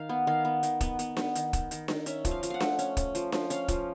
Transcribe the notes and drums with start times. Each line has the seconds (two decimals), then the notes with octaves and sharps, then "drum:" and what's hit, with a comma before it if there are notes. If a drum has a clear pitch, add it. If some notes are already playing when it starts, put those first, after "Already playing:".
Already playing: D#3 F5
0.09 B3
0.27 D#3 F5
0.45 B3
0.63 D#3, drum: hi-hat
0.81 B3, drum: kick, hi-hat
0.99 B3, drum: hi-hat
1.17 B3, drum: snare D4
1.35 D#3, drum: hi-hat
1.53 D#3, drum: kick, hi-hat
1.71 D#3, drum: hi-hat
1.88 D#3, drum: snare D4
2.06 C#4 E5, drum: hi-hat
2.25 F3, drum: kick, hi-hat
2.31 F5
2.43 F3, drum: hi-hat
2.50 F5 F#5
2.60 A3, drum: snare D4
2.79 C#4, drum: hi-hat
2.97 C#4, drum: kick, hi-hat
3.15 F3, drum: hi-hat
3.32 F3, drum: snare D4
3.50 C#4 F5, drum: hi-hat
3.68 F3, drum: kick, hi-hat